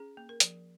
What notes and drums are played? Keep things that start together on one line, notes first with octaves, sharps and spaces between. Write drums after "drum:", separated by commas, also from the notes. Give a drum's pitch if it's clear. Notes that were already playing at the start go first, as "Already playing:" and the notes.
Already playing: C#4 G#4
A#3
A#4
F3, drum: hi-hat